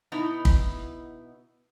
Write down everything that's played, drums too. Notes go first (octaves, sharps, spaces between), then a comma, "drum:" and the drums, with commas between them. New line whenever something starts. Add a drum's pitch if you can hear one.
B2 B3 D#4 E4
drum: kick